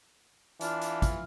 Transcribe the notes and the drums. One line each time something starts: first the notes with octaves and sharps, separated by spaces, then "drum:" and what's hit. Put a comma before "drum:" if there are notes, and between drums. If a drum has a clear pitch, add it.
E3 D4 F4 F6, drum: hi-hat
drum: hi-hat
drum: kick, hi-hat